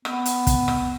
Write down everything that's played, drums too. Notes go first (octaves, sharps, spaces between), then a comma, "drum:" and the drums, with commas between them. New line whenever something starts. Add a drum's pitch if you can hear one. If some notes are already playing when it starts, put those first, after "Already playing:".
B3, drum: rim click
drum: hi-hat
drum: kick, hi-hat
drum: rim click